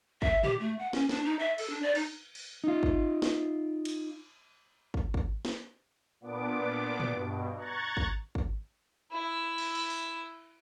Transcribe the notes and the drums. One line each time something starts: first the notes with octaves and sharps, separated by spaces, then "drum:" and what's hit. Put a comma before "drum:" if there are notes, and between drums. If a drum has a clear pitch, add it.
E5, drum: kick
G4, drum: tom
A3
F#5
C#4, drum: snare
D4, drum: snare
D#4
E5
A4, drum: cymbal
D4
D5
D#4, drum: cymbal
drum: cymbal
D#4 F4
drum: kick
drum: snare
drum: cymbal
drum: kick
drum: kick
drum: snare
A#2 B3 D4 D6
drum: tom
G2 B2
A#5 C#6 F#6 G#6 A6
drum: kick
drum: kick
E4 E6
drum: cymbal
drum: cymbal
drum: open hi-hat